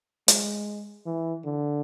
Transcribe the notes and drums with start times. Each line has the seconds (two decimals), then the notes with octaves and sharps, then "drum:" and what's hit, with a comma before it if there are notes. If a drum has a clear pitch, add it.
0.28 G#3, drum: hi-hat
1.06 E3
1.45 D3